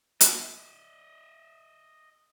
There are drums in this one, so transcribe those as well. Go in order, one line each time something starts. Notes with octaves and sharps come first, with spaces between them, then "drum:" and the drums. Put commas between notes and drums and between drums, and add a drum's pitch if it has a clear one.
D#5 E5, drum: hi-hat